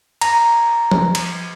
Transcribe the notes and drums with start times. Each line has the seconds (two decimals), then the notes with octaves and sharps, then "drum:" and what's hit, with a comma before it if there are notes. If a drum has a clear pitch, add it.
0.21 A#5, drum: cymbal
0.92 drum: tom F3
1.15 drum: cymbal